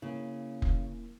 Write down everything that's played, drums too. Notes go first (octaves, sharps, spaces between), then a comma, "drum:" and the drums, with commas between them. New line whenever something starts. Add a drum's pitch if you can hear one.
C#3 A#3 E4
drum: kick F1